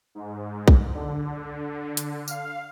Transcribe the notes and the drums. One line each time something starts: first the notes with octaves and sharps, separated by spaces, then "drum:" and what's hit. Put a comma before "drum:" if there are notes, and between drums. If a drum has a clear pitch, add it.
G#2
drum: kick B1
D3
drum: hi-hat
F5, drum: tambourine